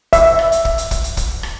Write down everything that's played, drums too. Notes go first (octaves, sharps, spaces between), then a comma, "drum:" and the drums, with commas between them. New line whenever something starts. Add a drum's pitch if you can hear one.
E5, drum: kick, hi-hat
drum: rim click
drum: hi-hat
drum: kick
drum: hi-hat
drum: kick, hi-hat
drum: hi-hat
drum: kick, hi-hat
drum: rim click